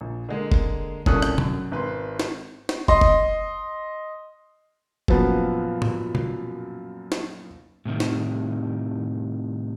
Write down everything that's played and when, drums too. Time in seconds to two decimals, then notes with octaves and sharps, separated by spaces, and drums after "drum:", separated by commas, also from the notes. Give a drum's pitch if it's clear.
0.01 A#1
0.29 D3 G#3 A#3
0.52 drum: kick
1.06 C2 A#2 C#4 A4 D#6 F#6, drum: kick
1.23 drum: rim click
1.38 F#2, drum: tom B2
1.72 G#1 B4 C6
2.20 drum: snare
2.69 drum: snare
2.88 D#5 C6, drum: kick
3.01 drum: kick
5.08 F#2 A#2 F3 B3 F#5, drum: kick
5.82 drum: tom G#2
6.15 drum: tom B2
7.12 drum: snare
7.85 A2 C3 D#3
8.00 drum: snare